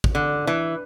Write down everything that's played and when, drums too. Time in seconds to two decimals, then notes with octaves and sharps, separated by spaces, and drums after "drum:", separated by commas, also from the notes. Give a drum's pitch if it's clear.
0.04 drum: kick
0.15 D3
0.47 E3